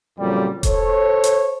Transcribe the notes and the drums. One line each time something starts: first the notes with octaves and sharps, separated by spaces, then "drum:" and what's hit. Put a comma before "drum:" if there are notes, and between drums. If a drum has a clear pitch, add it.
F2 A#2 C#3 F#3 G3
A4 C5 C#5, drum: kick E1, hi-hat
drum: hi-hat